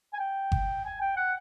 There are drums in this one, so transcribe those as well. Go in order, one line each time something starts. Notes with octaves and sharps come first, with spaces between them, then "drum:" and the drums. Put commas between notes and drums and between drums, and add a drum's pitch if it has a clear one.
G#5
G5
drum: kick G1
G#5
G5
F#5